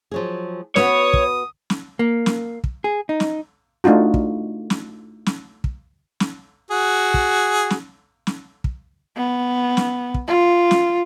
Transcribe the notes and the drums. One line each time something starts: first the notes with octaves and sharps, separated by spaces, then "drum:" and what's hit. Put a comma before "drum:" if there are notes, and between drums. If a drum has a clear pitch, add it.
F3 F#3 G#4
B3 F#4 B4 C#5 D#6, drum: snare
drum: kick
drum: snare
A#3
drum: snare
drum: kick
G#4
D#4
drum: snare
A3 D4 D#4 F4 F#4
drum: kick
drum: snare
drum: snare
drum: kick
drum: snare
F#4 G#4
drum: kick
drum: snare
drum: snare
drum: kick
B3
drum: snare
drum: kick
F4
drum: snare